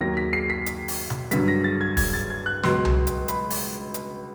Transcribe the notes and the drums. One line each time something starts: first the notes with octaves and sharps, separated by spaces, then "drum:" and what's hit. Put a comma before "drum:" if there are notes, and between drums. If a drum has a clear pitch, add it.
D#2 D#3 F#3 A#6
B6
C7
B6
drum: hi-hat
drum: open hi-hat
drum: tom B2
G2 D3 F#3 B6, drum: hi-hat
A#6
A6
G#6
G#6, drum: kick E1, open hi-hat
A6
G#6
F#6
C#2 B2 F#3 C6, drum: snare
drum: tom C2
drum: hi-hat
B5, drum: hi-hat
drum: open hi-hat
drum: hi-hat